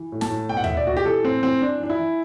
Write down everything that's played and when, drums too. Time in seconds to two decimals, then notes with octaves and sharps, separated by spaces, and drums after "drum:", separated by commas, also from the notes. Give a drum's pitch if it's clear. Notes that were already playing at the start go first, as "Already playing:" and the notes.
Already playing: E3
0.12 A2
0.21 A5, drum: snare
0.30 A2
0.49 B2 G5
0.57 F#5
0.64 B2 E5, drum: tom D2
0.77 D5
0.87 B2 F#4
0.97 G4
1.05 E3 A4
1.24 A2 C4
1.43 E3 C4
1.61 E3 D4
1.80 E3 D4
1.90 E4
1.99 E3